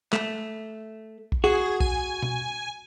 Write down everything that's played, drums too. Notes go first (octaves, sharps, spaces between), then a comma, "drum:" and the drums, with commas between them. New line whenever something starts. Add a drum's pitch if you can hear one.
A3, drum: clap
drum: kick
F#4 G#4
G#5, drum: kick
drum: tom B2